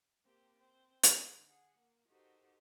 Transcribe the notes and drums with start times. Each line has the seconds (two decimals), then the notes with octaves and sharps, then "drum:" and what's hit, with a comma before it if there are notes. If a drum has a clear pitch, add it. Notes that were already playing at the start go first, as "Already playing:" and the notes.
0.23 A#3 C4 G4
0.56 C4
1.03 D3 D#4, drum: hi-hat
1.48 G#4 F#5
1.79 A#3
2.07 D#4 F#4 G4 A4 A#4 C5